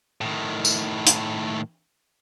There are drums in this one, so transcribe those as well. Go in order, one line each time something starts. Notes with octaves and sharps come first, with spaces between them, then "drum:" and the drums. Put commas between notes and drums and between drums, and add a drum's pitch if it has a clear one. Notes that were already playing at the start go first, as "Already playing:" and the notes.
A2 D#3
drum: tambourine
drum: hi-hat